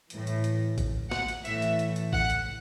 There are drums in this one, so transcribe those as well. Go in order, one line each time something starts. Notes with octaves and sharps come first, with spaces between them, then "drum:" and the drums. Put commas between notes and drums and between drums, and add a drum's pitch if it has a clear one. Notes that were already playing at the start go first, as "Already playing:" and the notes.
A2 E3, drum: hi-hat
drum: hi-hat
drum: hi-hat
drum: kick G#1, hi-hat
F#5, drum: snare
drum: hi-hat
A2 E3 E5, drum: hi-hat
drum: hi-hat
drum: hi-hat
drum: hi-hat
F#5, drum: kick G#1
drum: hi-hat